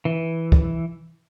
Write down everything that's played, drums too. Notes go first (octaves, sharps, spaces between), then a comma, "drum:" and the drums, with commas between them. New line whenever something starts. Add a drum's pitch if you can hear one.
E3
drum: kick